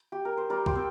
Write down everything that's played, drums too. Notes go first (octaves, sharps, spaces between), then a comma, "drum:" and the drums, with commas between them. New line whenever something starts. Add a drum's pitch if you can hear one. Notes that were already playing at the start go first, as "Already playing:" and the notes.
Already playing: F4
G4
A#4
C5
G3 A#4 D5
G4 C5, drum: kick
C4